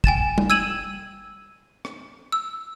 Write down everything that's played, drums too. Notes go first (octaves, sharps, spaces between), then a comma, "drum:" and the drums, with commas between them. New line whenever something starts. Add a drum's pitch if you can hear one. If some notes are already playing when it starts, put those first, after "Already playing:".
G5 G#5 A6 E7, drum: kick
drum: tom G3
E6 G#6 D#7 E7 F#7
drum: rim click
E6